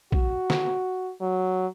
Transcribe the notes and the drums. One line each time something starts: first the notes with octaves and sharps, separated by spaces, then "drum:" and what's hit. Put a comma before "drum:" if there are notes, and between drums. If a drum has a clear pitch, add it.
F#4, drum: kick
drum: snare
F#3